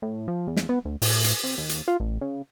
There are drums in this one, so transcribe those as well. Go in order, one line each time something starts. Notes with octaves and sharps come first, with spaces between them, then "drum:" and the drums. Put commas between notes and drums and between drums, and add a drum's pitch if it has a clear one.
A2
F3
E2
drum: snare
B3
D2
A2, drum: open hi-hat
drum: hi-hat
C3
D#2
drum: hi-hat
F4
A1
C#3